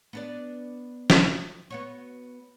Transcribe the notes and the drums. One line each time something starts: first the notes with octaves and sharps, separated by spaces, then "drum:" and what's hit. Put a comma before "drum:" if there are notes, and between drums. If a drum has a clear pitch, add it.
B3 D4 D5
drum: snare
B3 F#4 C#5